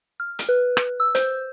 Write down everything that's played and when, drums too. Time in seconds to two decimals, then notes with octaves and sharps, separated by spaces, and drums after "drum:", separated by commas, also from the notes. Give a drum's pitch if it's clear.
0.20 F6
0.39 drum: hi-hat
0.49 B4
0.77 drum: rim click
1.00 E6
1.15 C5, drum: hi-hat